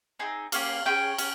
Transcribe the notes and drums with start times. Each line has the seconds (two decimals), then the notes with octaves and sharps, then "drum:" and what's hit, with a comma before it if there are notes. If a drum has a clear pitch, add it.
0.19 C4 D#4 G#4
0.52 A#3 C#4 G4 F5, drum: cymbal
0.86 C#4 F4 G#4 G5
1.18 C#4, drum: cymbal